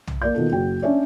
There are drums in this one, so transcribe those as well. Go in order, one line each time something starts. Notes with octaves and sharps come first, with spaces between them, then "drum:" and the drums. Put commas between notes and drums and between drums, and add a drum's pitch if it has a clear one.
drum: tom B1
A#3 D5 G6
B2 D#3 F4 A4
F#1 F#4 G5
C#4 D4 C#5 D5 E5